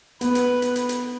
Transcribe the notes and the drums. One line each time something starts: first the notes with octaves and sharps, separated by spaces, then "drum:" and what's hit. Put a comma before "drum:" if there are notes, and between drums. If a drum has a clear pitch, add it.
B3 B4, drum: hi-hat
drum: hi-hat
drum: hi-hat
drum: hi-hat
drum: hi-hat